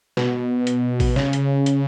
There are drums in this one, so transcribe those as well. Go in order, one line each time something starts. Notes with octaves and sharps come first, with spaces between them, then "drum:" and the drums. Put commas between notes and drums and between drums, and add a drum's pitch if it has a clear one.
B2, drum: snare
drum: hi-hat
drum: kick A1, open hi-hat
C#3, drum: snare
drum: hi-hat
drum: hi-hat